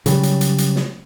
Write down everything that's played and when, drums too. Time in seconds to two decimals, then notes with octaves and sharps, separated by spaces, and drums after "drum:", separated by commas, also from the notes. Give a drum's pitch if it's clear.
0.06 C#3 F#3 G3, drum: hi-hat
0.23 drum: hi-hat
0.41 drum: hi-hat
0.58 drum: hi-hat
0.76 drum: snare